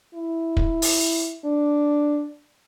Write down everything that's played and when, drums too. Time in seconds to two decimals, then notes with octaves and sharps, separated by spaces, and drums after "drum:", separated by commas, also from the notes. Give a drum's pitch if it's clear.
0.15 E4
0.57 drum: kick
0.82 drum: open hi-hat
1.45 D4